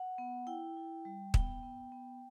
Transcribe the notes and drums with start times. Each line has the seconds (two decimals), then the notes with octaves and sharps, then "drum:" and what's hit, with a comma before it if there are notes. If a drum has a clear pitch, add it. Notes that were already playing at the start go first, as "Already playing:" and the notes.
Already playing: F#5
0.18 B3
0.47 E4 G5
0.77 E4
1.05 G3
1.34 B3 G5, drum: kick
1.63 B3
1.92 B3